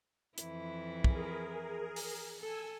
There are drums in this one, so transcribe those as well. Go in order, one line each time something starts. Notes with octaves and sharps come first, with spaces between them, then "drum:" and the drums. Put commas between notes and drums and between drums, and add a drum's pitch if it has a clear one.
F2 E3 E4, drum: hi-hat
G#4 A#4, drum: kick
drum: open hi-hat
A4 G#5 E6